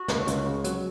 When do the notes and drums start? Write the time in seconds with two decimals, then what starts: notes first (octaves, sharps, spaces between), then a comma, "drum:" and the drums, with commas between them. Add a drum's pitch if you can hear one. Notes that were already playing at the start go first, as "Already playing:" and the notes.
Already playing: F#4
0.08 C#2, drum: snare
0.27 C#2, drum: hi-hat
0.46 C#3
0.64 F#3, drum: hi-hat